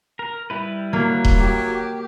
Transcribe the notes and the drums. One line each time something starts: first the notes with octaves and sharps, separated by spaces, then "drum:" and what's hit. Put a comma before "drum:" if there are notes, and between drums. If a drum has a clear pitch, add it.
A#4
G3 E4 B4
F#3 A#3
drum: kick D#1
G4
G4